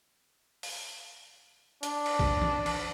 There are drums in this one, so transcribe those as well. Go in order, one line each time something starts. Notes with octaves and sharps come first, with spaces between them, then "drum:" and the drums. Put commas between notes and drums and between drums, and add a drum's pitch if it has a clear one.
drum: open hi-hat
D4, drum: hi-hat
drum: cymbal
drum: kick B1
drum: tom E3
drum: cymbal